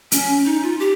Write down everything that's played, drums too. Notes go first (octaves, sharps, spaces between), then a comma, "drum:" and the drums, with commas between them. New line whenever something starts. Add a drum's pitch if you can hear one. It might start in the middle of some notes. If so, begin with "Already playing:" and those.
C#4, drum: hi-hat
D#4
F4
G4